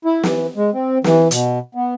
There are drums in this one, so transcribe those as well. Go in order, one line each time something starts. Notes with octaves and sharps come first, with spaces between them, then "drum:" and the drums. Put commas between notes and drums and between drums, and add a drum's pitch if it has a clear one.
E4
E3, drum: snare
G#3
C4
E3, drum: snare
B2, drum: hi-hat
B3